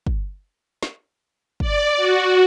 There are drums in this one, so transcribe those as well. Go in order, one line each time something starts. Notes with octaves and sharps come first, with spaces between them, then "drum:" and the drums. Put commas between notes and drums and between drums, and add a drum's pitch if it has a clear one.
drum: kick
drum: snare
D5, drum: kick
F#4